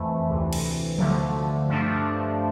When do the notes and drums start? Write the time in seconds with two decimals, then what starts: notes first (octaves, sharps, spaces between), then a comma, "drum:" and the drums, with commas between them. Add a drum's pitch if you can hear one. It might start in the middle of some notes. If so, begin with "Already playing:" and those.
Already playing: F2 E3 A3
0.29 D2 C3 E3
0.53 drum: cymbal
0.98 D2 D3 F3 A3, drum: tom F3
1.69 G2 F3 A3 D4